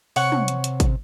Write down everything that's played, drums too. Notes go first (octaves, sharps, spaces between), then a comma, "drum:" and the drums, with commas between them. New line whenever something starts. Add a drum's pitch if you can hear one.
C3 C#5 F#5 C#6, drum: open hi-hat
drum: tom
drum: hi-hat
drum: hi-hat
drum: kick, hi-hat